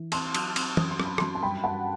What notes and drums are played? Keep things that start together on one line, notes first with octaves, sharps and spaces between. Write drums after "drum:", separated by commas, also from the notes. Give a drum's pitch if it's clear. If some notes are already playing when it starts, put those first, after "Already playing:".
Already playing: E3
C4 A5 C6, drum: cymbal
F#3, drum: cymbal
C4, drum: cymbal
F#2 D#6, drum: tom
C6
F#2, drum: rim click
B5
F#2 A5 C6, drum: rim click
A5
G2 G5 B5
G2 F#5 A5